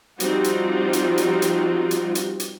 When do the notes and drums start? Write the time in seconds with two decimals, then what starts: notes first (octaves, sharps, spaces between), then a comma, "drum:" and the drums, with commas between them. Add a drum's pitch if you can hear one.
0.20 F3 G3 C4 D#4 F4 F#4, drum: hi-hat
0.44 drum: hi-hat
0.93 drum: hi-hat
1.18 drum: hi-hat
1.42 drum: hi-hat
1.91 drum: hi-hat
2.15 drum: hi-hat
2.40 drum: hi-hat